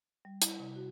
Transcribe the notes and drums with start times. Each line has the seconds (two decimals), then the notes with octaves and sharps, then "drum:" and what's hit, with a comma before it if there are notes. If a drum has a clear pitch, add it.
0.25 G3
0.42 E4, drum: hi-hat
0.59 C3
0.76 F#4